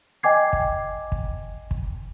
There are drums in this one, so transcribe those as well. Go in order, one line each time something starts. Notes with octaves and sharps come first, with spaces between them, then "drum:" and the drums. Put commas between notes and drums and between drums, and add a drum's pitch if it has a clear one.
D#5 G5 G#5 D6 G#6 C7
drum: kick
drum: kick
drum: kick